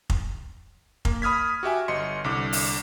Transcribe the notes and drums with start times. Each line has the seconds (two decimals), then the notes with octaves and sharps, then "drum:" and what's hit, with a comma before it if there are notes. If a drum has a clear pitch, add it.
0.10 drum: kick F1
1.05 A#3, drum: kick F1
1.22 B5 D#6 F6 G#6 B6
1.63 F#4 G4 E5 G#5
1.88 G1 D#5 C6 C#7
2.24 C2 D3 D6
2.53 drum: open hi-hat